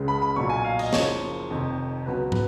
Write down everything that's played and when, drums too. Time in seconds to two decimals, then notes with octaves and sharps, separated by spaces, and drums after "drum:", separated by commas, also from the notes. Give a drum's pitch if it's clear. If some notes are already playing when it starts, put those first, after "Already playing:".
Already playing: C#2 C#3 G#3
0.08 B5
0.22 B5
0.36 B1 A#2 F#3 C#6
0.50 G#5
0.64 F5
0.79 D#5, drum: cymbal
0.93 F#1 F#2 C#3 F3 C#5, drum: snare
1.50 F1 F2 D#3
2.06 C#2 B2 F#3 B4
2.32 B4, drum: tom